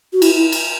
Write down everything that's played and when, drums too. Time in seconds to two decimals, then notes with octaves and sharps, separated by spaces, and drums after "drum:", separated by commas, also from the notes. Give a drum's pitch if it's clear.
0.13 F#4
0.22 E4, drum: cymbal
0.37 E4
0.52 drum: cymbal